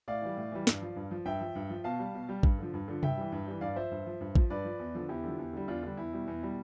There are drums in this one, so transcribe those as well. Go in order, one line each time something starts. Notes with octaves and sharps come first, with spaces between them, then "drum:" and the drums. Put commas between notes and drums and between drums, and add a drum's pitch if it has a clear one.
A2 D5 F5
E3 G3
A2
E3 G3
G2, drum: snare
F3
G2
F3
G2 E5 G5
F3
G2
F3
B2 F5 A5
G3
B2
G3
G2, drum: kick A1
D3 F3
G2
D3 F3
G2 E5 G5, drum: tom C3
E3 G3
G2
E3 G3
G2 D5 F5
F3 C5 E5
G2
F3
G2
F3, drum: kick A1
G2 B4 D5
F3
E2
D3 F3
E2 E4 G4
D3 F3
E2
D3 G3
E2 D4 F4
D3 G3 D4
E2 E4
B2 G3
E2
B2 G3